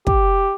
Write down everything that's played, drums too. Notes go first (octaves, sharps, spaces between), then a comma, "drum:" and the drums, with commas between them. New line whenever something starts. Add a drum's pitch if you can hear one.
G4, drum: kick